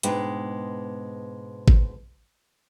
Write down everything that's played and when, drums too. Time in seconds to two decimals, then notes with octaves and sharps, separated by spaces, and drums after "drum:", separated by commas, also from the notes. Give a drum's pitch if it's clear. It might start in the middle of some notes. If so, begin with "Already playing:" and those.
0.03 G#2 B2 G#3 D4 B4 G5, drum: hi-hat
1.68 drum: kick G#1